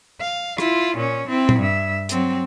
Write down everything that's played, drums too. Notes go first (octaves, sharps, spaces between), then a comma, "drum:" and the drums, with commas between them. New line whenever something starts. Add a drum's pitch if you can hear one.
F5
E4 F4, drum: rim click
A#2 C#4
C4 E4
drum: tom A#2
G2 E5
F#3 C4, drum: hi-hat